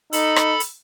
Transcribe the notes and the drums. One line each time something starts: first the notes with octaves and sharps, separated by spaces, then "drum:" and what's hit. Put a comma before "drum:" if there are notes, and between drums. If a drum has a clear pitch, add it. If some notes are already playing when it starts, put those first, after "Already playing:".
D#4 A4 B5, drum: hi-hat
drum: rim click
drum: hi-hat